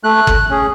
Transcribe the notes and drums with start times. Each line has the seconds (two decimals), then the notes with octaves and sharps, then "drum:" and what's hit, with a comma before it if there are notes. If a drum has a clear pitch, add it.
0.04 A3 F#6
0.27 drum: kick
0.50 C#4 G#4